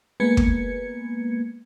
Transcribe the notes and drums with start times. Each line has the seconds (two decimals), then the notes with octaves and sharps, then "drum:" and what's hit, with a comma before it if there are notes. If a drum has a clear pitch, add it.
0.20 G#3 A#3 B3 B4 G#6 C#7
0.37 drum: kick